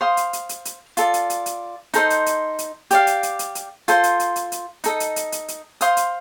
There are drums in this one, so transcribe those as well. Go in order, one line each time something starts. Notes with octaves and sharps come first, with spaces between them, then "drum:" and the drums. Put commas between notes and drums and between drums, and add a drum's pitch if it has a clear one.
C5 F5 C6 D#6
drum: hi-hat
drum: hi-hat
drum: hi-hat
drum: hi-hat
F4 A4 D5, drum: hi-hat
drum: hi-hat
drum: hi-hat
drum: hi-hat
D#4 A4 C5 D#5, drum: hi-hat
drum: hi-hat
drum: hi-hat
drum: hi-hat
G4 D5 F5, drum: hi-hat
drum: hi-hat
drum: hi-hat
drum: hi-hat
drum: hi-hat
F4 A4 C5, drum: hi-hat
drum: hi-hat
drum: hi-hat
drum: hi-hat
drum: hi-hat
D#4 A4 D#5, drum: hi-hat
drum: hi-hat
drum: hi-hat
drum: hi-hat
drum: hi-hat
C5 F5 C6 D#6, drum: hi-hat
drum: hi-hat